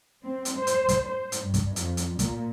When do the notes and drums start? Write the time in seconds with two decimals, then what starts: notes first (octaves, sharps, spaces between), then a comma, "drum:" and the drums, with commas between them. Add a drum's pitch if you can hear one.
0.23 C4
0.45 drum: hi-hat
0.57 C5
0.67 drum: hi-hat
0.89 drum: kick, hi-hat
1.06 C5
1.32 drum: hi-hat
1.43 G2
1.54 drum: kick, hi-hat
1.76 F2, drum: hi-hat
1.97 drum: hi-hat
2.19 A#2, drum: kick, hi-hat